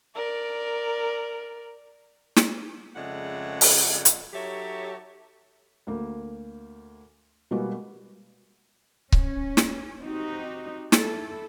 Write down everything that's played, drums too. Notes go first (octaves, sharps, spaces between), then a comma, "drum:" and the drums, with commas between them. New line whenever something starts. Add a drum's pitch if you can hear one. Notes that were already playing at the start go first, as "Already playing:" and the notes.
A#4 D5
drum: snare
F2 C#3 G#3 A3 D5 F#5
drum: open hi-hat
drum: hi-hat
F#3 D#4 G4 A4 C#5 E5
D2 A#3
B2 G3 G#3 A#3 B3 F#4
C#4, drum: kick C#1
drum: snare
C4 D#4 F#4 G4
E4 A4, drum: snare